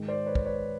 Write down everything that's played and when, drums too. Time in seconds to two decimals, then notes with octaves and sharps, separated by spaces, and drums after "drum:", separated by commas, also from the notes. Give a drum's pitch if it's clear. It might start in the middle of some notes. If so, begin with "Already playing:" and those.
Already playing: G#2 D#3 G#3
0.08 C5 D5
0.26 B4 C#5
0.35 drum: kick
0.45 B4 C#5